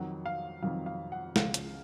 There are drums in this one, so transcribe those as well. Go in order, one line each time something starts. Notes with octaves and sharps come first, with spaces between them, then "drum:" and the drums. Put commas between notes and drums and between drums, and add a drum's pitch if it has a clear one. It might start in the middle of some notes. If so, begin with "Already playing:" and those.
Already playing: F2 D#3 F#3 F#5
F5
F2 D#3 F#3 F5
F5
F#5
C#2 C#3 F3 F5, drum: snare
drum: hi-hat